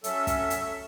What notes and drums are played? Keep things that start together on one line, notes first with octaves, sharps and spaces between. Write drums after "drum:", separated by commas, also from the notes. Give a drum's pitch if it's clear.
F#3 C#4 A4 E5, drum: hi-hat
drum: kick, hi-hat
drum: hi-hat